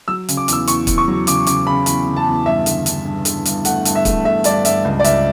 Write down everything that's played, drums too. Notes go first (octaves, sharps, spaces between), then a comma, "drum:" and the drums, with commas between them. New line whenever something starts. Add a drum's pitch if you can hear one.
F#3 E6
C#3, drum: hi-hat
D6
E2 E6, drum: hi-hat
E2 C#6, drum: hi-hat
E2, drum: kick, hi-hat
C#6
F#3
C#3 D6, drum: hi-hat
C#3 D6, drum: hi-hat
C#3 B5
E2 B5, drum: hi-hat
C#3
A5
E2
G2 E5
D3, drum: hi-hat
G2, drum: hi-hat
G2
D3, drum: hi-hat
G2, drum: hi-hat
A3 F#5, drum: hi-hat
G2, drum: hi-hat
E5
A3, drum: kick, hi-hat
A3 E5
G2 D5, drum: hi-hat
G2 E5, drum: hi-hat
C#2
D5
C#2 E5, drum: hi-hat